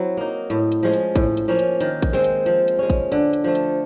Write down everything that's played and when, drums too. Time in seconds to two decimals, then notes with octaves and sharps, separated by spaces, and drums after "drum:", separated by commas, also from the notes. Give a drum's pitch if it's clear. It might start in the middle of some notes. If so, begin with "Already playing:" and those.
Already playing: F#3 C4 E4
0.17 A#3 D#4
0.50 A2, drum: hi-hat
0.72 drum: hi-hat
0.83 F3 G#3 C#4
0.93 drum: hi-hat
1.16 A2, drum: kick A1, hi-hat
1.37 drum: hi-hat
1.48 F3 A#3 C#4
1.59 drum: hi-hat
1.80 D#3, drum: hi-hat
2.02 drum: kick A1, hi-hat
2.13 G#3 C4
2.24 drum: hi-hat
2.46 F3, drum: hi-hat
2.68 drum: hi-hat
2.79 G#3 C#4
2.90 drum: kick A1, hi-hat
3.12 D3, drum: hi-hat
3.33 drum: hi-hat
3.44 F3 A3
3.55 drum: hi-hat